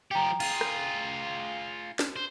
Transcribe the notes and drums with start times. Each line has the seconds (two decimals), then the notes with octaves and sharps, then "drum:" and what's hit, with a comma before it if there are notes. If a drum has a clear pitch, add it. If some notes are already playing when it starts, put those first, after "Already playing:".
0.11 F3 G4 G5 A#5
0.40 F4 G#4, drum: cymbal
0.61 drum: rim click
1.99 drum: snare
2.16 C5